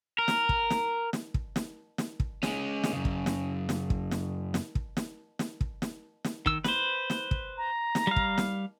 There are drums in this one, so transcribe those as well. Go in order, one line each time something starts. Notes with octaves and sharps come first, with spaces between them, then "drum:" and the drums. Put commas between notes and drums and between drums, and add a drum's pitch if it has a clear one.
A#4
drum: snare
drum: kick
drum: snare
drum: snare
drum: kick
drum: snare
drum: snare
drum: kick
G#3 C#4, drum: snare
drum: snare
F#2 C#3
drum: kick
drum: snare
drum: snare
drum: kick
drum: snare
drum: snare
drum: kick
drum: snare
drum: snare
drum: kick
drum: snare
drum: snare
D#3 E6, drum: kick
B4 C5, drum: snare
drum: snare
drum: kick
A#5
drum: snare
G3 F5
drum: kick
drum: snare